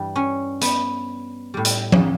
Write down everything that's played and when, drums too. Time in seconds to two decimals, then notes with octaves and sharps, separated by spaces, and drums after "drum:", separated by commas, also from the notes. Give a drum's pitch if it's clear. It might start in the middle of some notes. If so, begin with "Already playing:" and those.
Already playing: G2 E3 G3
0.16 C#4
0.61 B3, drum: hi-hat
1.54 A2 G3
1.65 drum: hi-hat
1.92 drum: tom F3